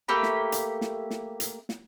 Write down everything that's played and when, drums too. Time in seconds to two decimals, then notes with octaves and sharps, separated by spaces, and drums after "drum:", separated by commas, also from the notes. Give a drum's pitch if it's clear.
0.08 A3 A#3 G4 B5
0.23 drum: snare
0.52 drum: hi-hat
0.81 drum: snare
1.11 drum: snare
1.40 drum: hi-hat
1.69 drum: snare